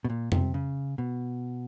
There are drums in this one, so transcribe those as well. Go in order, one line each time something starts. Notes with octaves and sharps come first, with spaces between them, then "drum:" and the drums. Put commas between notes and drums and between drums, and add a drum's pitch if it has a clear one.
B2
A#2
C3, drum: tom F2
C#3
B2